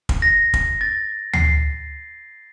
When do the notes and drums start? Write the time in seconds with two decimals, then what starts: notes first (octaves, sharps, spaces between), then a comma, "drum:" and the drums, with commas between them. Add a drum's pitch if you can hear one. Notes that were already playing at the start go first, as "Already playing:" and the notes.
0.09 drum: kick
0.22 A#6
0.54 drum: kick
0.81 A6
1.33 C7, drum: tom D2